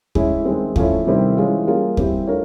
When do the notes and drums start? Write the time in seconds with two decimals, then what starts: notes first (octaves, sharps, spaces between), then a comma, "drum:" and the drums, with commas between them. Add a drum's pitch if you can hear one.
0.15 G#3 C#4 E4, drum: kick
0.45 D#3 G#3 C4
0.76 F3 A3 C#4 E4, drum: kick
1.06 C3 D#3 G3 C4 E4
1.37 E3 G#3 C#4 F4
1.67 G3 A#3 C#4 F4 G#4
1.97 G3 C4 E4 G4, drum: kick
2.27 A3 D4 F4 A#4 C#5